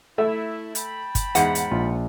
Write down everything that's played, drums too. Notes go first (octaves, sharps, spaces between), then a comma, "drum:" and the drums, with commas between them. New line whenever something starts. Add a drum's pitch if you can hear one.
A3 E4 E5
G5 A5 B5, drum: hi-hat
drum: kick G1, hi-hat
E2 G#2 F#5, drum: hi-hat
drum: hi-hat
A#1 F4